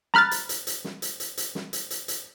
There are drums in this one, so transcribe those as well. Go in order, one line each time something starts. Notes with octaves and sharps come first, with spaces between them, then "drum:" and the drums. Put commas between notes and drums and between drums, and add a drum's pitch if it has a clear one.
A#5 B5 F6 F#6 A6, drum: snare
drum: hi-hat
drum: hi-hat
drum: hi-hat
drum: snare
drum: hi-hat
drum: hi-hat
drum: hi-hat
drum: snare
drum: hi-hat
drum: hi-hat
drum: hi-hat